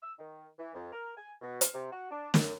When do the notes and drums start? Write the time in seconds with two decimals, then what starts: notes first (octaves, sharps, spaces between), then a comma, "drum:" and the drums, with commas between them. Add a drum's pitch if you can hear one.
0.02 E6
0.19 D#3
0.59 E3
0.75 F2
0.93 A#4
1.17 G#5
1.41 B2
1.61 drum: hi-hat
1.74 C3
1.92 F#4
2.11 D4
2.34 F#2, drum: snare